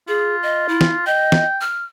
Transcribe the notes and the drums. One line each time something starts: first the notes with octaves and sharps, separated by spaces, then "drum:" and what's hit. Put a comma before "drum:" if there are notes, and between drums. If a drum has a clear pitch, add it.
F4 G#4
D#5
E4
drum: snare
D#5 G5
drum: snare
F6